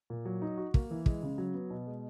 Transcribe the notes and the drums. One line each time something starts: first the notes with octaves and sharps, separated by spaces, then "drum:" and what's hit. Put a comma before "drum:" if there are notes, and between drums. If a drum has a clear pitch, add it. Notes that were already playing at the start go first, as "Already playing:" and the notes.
A#2
F#3
D#4
F#4
A#3, drum: kick
E3
G#3, drum: kick
C#3
F#3
B3
B2
G#3